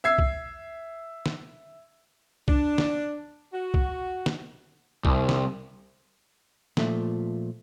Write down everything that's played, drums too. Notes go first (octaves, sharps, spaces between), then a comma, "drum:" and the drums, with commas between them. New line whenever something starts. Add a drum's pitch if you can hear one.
E5 E6 G#6 C7
drum: kick
drum: snare
D4, drum: kick
drum: snare
F#4
drum: kick
drum: snare
C2, drum: kick
drum: snare
A#2 F3 A3, drum: snare